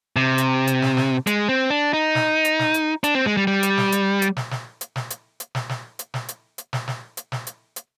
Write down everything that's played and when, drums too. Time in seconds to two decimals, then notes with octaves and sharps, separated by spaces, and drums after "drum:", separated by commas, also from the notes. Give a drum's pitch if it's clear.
0.16 C3
0.38 drum: hi-hat
0.67 drum: hi-hat
0.82 drum: snare
0.97 drum: snare
1.27 G#3, drum: hi-hat
1.49 C4
1.70 D4
1.93 D#4
2.15 drum: snare
2.45 drum: hi-hat
2.59 drum: snare
2.74 drum: hi-hat
3.04 D4, drum: hi-hat
3.15 C4
3.26 G#3
3.37 G3
3.47 G3
3.63 drum: hi-hat
3.77 drum: snare
3.92 drum: hi-hat
4.22 drum: hi-hat
4.37 drum: snare
4.51 drum: snare
4.81 drum: hi-hat
4.96 drum: snare
5.10 drum: hi-hat
5.40 drum: hi-hat
5.55 drum: snare
5.69 drum: snare
5.99 drum: hi-hat
6.14 drum: snare
6.28 drum: hi-hat
6.58 drum: hi-hat
6.73 drum: snare
6.88 drum: snare
7.17 drum: hi-hat
7.32 drum: snare
7.47 drum: hi-hat
7.76 drum: hi-hat